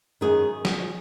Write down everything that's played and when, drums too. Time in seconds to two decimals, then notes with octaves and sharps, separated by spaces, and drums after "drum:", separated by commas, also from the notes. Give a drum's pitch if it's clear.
0.21 F#2 D#3 G#4
0.65 drum: snare